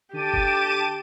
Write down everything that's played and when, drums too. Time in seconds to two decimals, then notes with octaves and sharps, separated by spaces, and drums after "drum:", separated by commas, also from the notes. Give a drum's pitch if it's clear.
0.14 D3 G4 A5 D6 D#7
0.33 drum: kick F#1